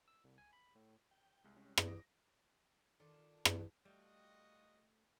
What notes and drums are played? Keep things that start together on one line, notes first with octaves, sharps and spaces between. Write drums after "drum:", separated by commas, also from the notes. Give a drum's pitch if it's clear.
E6
C2
G#5
B5
A2
G5
C2 G#3
G3 C#4
drum: rim click
D5 D6 D#6 A#6 D7
D#3 D4 F4 A4
drum: rim click
G3 A3 F4 F#4 D#5 G5